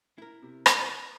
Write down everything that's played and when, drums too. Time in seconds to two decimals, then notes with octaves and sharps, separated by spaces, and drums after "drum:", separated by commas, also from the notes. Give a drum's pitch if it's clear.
0.18 E4 A#4
0.42 C3
0.66 drum: rim click